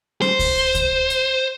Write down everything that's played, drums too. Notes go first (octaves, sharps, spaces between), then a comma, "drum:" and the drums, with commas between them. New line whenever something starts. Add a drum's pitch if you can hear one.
C5, drum: snare C#4
drum: kick C#2, open hi-hat
drum: kick C#2, hi-hat
drum: hi-hat